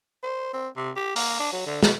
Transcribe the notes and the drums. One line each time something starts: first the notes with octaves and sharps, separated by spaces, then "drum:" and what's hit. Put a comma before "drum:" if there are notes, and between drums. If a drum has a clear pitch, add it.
C5
C4
C3
G4
A#3, drum: open hi-hat
D4
F#3
D3
B2, drum: snare